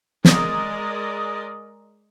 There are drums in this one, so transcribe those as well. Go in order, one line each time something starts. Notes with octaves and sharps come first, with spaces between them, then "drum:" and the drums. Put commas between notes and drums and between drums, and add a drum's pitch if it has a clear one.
G#3 A#4 D5 D#5, drum: snare